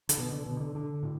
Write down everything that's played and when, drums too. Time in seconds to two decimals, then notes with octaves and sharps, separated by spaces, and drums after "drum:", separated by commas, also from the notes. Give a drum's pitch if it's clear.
0.09 D3, drum: hi-hat
0.18 B2
0.32 D3
0.46 B2
0.60 D3
0.75 D3
1.03 A2